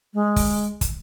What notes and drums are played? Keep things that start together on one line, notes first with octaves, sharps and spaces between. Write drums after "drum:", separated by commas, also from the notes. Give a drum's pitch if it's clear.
G#3
drum: kick, open hi-hat
drum: kick, hi-hat